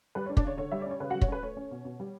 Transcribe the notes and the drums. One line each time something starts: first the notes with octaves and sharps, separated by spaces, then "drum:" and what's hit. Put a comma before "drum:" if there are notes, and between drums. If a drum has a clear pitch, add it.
G3 B4
D4 C#5
D4 D5, drum: kick
C#3 C#5
D3 C#5
G3 E5
D5
C#4 C#5
C#3 B4
G3 F#4 F#5
C#5, drum: kick
C#4 B4
A3 C#5
C#4
B2
B2
G3